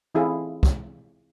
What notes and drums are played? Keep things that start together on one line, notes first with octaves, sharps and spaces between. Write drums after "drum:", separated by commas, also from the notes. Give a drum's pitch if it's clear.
E3 C4 E4 F4 G#4 A4
drum: kick